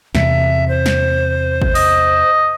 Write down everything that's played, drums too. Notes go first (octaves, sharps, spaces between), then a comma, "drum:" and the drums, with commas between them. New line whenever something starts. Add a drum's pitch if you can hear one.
E2 C3 E5, drum: snare
C5
drum: snare
drum: kick G#1
D#5, drum: open hi-hat